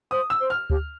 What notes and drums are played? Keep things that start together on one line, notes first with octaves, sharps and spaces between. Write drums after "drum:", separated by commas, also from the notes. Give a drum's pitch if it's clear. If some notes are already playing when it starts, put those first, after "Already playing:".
C5 D#6
E6
C5
F6
G4, drum: kick D2